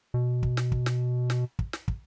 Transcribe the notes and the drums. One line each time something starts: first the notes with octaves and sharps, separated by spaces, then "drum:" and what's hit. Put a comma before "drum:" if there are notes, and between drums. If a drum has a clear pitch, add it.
B2
drum: kick
drum: snare
drum: kick
drum: snare
drum: snare
drum: kick
drum: snare
drum: kick